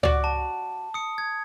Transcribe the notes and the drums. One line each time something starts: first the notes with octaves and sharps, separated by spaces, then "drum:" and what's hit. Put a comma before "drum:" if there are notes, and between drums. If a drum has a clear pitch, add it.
F#4 D5, drum: tom C#2
A5
D#6 C#7
G#6